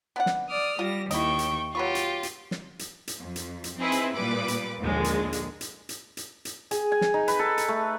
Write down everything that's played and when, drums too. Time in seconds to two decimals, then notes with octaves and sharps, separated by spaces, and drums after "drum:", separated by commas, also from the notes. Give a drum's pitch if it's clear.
0.16 B3 D4 F#5
0.26 drum: snare
0.50 D5 D#6 F6
0.79 G3 F4 A#6
1.11 D#2 E4 D#5 G5 C#6, drum: hi-hat
1.39 drum: hi-hat
1.75 F#3 F4 G4 B4 C#6
1.95 drum: hi-hat
2.23 drum: hi-hat
2.51 drum: snare
2.79 drum: hi-hat
3.07 drum: hi-hat
3.20 F2
3.36 drum: hi-hat
3.64 drum: hi-hat
3.77 C4 D#4 E4 G#4 B4
3.92 drum: hi-hat
4.14 A#2 G3 B4 D6
4.48 drum: hi-hat
4.81 A#1 D#2 D3 G#3
5.04 drum: hi-hat
5.33 drum: hi-hat
5.61 drum: hi-hat
5.89 drum: hi-hat
6.17 drum: hi-hat
6.45 drum: hi-hat
6.71 G#4, drum: hi-hat
6.92 G#5
7.01 drum: snare
7.14 D#4
7.28 B4, drum: hi-hat
7.39 A4
7.58 drum: hi-hat
7.68 A3